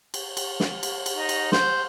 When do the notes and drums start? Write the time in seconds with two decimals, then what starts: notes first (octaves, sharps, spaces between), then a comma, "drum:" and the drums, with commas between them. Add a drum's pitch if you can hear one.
0.14 drum: cymbal
0.37 drum: cymbal
0.60 drum: snare
0.83 drum: cymbal
1.06 drum: cymbal
1.16 D#4
1.29 drum: cymbal
1.52 C5, drum: snare